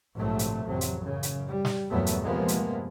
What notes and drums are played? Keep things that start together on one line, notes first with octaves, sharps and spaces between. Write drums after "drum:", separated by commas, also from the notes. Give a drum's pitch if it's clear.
A#1 G#2 C3 F#3 A3
drum: hi-hat
A1 F2 C3 F#3
drum: hi-hat
F#2 C#3
drum: hi-hat
G3
drum: snare
E2 G2 A#2 F#3 A3 B3
drum: hi-hat
G2 C3 F3 G#3 A#3 B3
drum: hi-hat